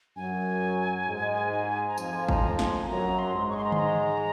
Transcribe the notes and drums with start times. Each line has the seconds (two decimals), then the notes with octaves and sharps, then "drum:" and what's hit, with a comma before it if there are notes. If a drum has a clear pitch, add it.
0.16 F#2 F#3 G#5
1.07 G#2 G#3
1.88 A#5
1.98 F2 F3 G#5, drum: tambourine
2.29 A#5, drum: kick G#1
2.59 G#5, drum: snare
2.89 F#2 F#3 A#5
3.19 C6
3.34 G#2 G#3
3.49 C#6
3.57 C6
3.64 A#5
3.72 C6, drum: tom D3
3.79 A#5